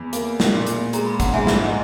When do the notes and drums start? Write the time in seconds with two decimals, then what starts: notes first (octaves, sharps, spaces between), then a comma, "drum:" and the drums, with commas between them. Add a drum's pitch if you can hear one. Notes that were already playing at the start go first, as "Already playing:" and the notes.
Already playing: E2 B5
0.13 A#3, drum: hi-hat
0.40 drum: snare
0.54 A#2
0.67 drum: hi-hat
0.93 G#3 A#5, drum: hi-hat
1.06 B5
1.20 F#5 A#5, drum: kick, hi-hat
1.34 G#2 E5 G#5
1.47 drum: snare
1.64 D#5